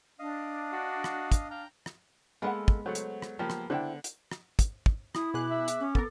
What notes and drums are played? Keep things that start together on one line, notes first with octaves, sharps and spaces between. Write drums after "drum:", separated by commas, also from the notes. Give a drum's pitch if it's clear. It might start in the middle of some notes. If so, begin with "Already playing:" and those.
D4 D#5 F5
F#4
drum: rim click
drum: kick, hi-hat
F5 G5 A#5
drum: rim click
G#3 A#3 B3 A4 B4 F#5
drum: kick
F#3 A3 C5 F#5
drum: hi-hat
drum: rim click
F3 F#3 A#3 B3 G4 B5
drum: rim click
D3 D4 E4 C5 G5
drum: hi-hat
drum: rim click
drum: kick, hi-hat
drum: kick
E4 D#6, drum: rim click
B2 G#4 D6 F#6
E5
drum: hi-hat
C#4
B3 A4 A#4, drum: kick